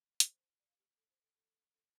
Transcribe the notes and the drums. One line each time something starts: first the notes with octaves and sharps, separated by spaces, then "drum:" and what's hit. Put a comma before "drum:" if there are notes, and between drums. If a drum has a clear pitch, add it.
C5, drum: hi-hat
D5
F5
G4
A4
C5
A4
A4
A4